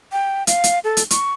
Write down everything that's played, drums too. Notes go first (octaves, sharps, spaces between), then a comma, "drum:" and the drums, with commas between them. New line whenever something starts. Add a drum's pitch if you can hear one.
G5
F5, drum: hi-hat
drum: hi-hat
A4
drum: hi-hat
C#6, drum: hi-hat